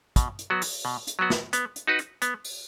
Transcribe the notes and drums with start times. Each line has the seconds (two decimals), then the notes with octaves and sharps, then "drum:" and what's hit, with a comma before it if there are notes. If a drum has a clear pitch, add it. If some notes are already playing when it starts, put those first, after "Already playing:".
0.16 B2, drum: kick, hi-hat
0.39 drum: hi-hat
0.50 F#3 B3 F#4
0.62 drum: open hi-hat
0.85 B2
1.07 drum: hi-hat
1.19 F#3 B3 F#4
1.30 drum: snare
1.53 B3, drum: hi-hat
1.76 drum: hi-hat
1.87 D#4 F#4 B4
1.99 drum: hi-hat
2.22 B3, drum: hi-hat
2.44 drum: open hi-hat